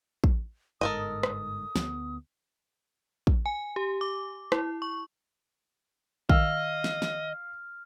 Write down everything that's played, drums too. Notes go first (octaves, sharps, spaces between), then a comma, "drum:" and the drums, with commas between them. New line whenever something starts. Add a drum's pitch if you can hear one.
drum: kick
G1 G#2 A4 A#4 D#5 D#6
drum: rim click
D2 B3, drum: snare
drum: kick
G#5
G4
D6
E4, drum: rim click
C#6
D#3 D#5 F5 E6 F6, drum: kick
drum: snare
drum: snare